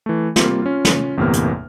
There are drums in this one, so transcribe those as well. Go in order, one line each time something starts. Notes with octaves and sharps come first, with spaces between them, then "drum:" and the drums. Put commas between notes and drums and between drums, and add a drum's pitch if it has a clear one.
E3 A3
G3 A#3 C4 F4, drum: snare
C#4 F4
drum: snare
G1 E2 A2 C3 A#3 F6
drum: hi-hat